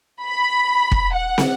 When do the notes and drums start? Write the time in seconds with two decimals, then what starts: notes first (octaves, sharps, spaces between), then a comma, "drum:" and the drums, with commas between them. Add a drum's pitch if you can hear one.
0.22 B5
0.92 drum: kick
1.13 F#5
1.38 drum: snare